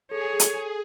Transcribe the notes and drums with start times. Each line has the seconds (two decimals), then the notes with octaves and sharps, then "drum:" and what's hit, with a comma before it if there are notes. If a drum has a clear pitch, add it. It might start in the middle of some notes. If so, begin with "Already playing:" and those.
0.11 G#4 A4 C#5
0.40 drum: hi-hat